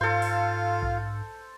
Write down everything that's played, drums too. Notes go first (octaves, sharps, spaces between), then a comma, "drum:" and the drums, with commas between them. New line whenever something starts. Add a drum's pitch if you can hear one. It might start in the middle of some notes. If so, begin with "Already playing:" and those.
G#2 F4 A4 C5 F5
drum: open hi-hat
drum: kick B1